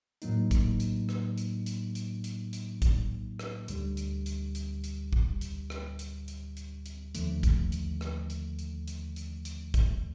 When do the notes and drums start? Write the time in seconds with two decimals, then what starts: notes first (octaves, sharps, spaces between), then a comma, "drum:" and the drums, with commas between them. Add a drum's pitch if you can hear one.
0.22 A2 F#3 A#3 D#4, drum: hi-hat
0.51 drum: kick, hi-hat
0.80 drum: hi-hat
1.09 drum: rim click
1.38 drum: hi-hat
1.66 drum: hi-hat
1.95 drum: hi-hat
2.24 drum: hi-hat
2.53 drum: hi-hat
2.82 drum: kick, hi-hat
3.39 drum: rim click
3.68 D2 D3 G3, drum: hi-hat
3.97 drum: hi-hat
4.26 drum: hi-hat
4.55 drum: hi-hat
4.84 drum: hi-hat
5.13 drum: kick
5.41 drum: hi-hat
5.70 drum: rim click
5.99 drum: hi-hat
6.28 drum: hi-hat
6.57 drum: hi-hat
6.86 drum: hi-hat
7.15 D#2 D3 F3 A3, drum: hi-hat
7.43 drum: kick, hi-hat
7.72 drum: hi-hat
8.01 drum: rim click
8.30 drum: hi-hat
8.59 drum: hi-hat
8.88 drum: hi-hat
9.16 drum: hi-hat
9.45 drum: hi-hat
9.74 drum: kick, hi-hat